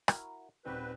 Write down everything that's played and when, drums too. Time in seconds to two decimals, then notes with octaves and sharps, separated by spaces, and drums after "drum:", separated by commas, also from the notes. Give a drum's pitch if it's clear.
0.08 E4 F#4 A#4, drum: rim click
0.65 D#1 D#3 G3 C4 F#4 B4